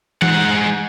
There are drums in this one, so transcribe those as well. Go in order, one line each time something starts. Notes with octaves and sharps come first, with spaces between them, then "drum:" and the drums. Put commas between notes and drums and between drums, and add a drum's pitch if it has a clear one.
G#2 F#5, drum: tom E3